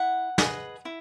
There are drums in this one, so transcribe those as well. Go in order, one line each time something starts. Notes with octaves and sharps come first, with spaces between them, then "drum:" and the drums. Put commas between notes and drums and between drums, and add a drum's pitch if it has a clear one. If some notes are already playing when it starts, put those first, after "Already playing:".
Already playing: E4 F#5
G#4 B4 D#5, drum: snare
E4